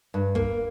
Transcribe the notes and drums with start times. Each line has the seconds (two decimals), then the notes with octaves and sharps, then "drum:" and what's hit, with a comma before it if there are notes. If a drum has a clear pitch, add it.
0.14 G2
0.35 A#3, drum: kick